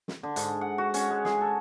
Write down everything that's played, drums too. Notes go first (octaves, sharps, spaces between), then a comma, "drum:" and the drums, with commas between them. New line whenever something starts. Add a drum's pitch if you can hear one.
drum: snare
D3
G#2, drum: hi-hat
F#5
F#4
C#4, drum: hi-hat
G#3
G#4, drum: snare
A4